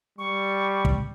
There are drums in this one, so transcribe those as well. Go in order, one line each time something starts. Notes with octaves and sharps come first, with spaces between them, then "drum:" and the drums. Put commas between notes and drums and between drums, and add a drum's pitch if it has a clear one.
G3 C#6
drum: kick